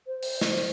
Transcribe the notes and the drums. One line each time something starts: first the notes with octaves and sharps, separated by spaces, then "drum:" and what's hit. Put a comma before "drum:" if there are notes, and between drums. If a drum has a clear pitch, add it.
C5
drum: open hi-hat
drum: snare